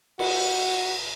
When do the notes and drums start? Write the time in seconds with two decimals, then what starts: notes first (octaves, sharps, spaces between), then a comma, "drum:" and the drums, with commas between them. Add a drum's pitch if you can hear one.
0.19 F#4, drum: cymbal